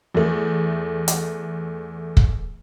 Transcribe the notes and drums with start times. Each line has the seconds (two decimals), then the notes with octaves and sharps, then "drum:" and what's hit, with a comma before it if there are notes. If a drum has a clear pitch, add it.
0.14 E2 A3
1.08 drum: hi-hat
2.17 drum: kick